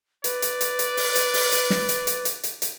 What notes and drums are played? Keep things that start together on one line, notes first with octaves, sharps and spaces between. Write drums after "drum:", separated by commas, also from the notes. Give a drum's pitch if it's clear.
B4 D5, drum: hi-hat
drum: hi-hat
drum: hi-hat
drum: hi-hat
drum: open hi-hat
drum: hi-hat
drum: open hi-hat
drum: hi-hat
drum: snare
drum: hi-hat
drum: hi-hat
drum: hi-hat
drum: hi-hat
drum: hi-hat